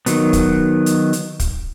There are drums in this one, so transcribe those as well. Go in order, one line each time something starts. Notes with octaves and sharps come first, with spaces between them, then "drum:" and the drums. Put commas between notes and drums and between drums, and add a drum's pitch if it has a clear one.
D#3 F#3 B3, drum: hi-hat
drum: kick, hi-hat
drum: hi-hat
drum: hi-hat
drum: kick, hi-hat